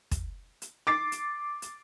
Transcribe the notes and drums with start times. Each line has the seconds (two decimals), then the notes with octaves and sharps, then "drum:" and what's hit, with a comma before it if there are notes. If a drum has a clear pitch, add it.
0.11 drum: kick, hi-hat
0.62 drum: hi-hat
0.87 D6 A6 C7
1.12 drum: hi-hat
1.62 drum: hi-hat